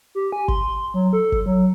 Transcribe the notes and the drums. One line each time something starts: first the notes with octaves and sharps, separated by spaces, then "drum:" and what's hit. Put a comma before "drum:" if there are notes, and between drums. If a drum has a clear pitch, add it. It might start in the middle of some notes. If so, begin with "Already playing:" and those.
G4
G#5
C6, drum: kick G1
F#3
A4
drum: kick G1
F#3